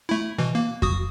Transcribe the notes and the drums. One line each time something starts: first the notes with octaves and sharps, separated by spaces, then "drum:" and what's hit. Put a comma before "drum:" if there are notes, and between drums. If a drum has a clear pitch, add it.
A3 E4
B2 E3
A#3
F#4 D#6, drum: kick F2